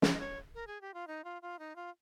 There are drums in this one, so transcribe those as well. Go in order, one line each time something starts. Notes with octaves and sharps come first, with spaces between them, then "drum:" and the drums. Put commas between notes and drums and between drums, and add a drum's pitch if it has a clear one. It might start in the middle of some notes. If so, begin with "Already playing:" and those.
C#5, drum: snare
D#5
C#5
A#4
G#4
G4
F4
D#4
F4
F4
D#4
F4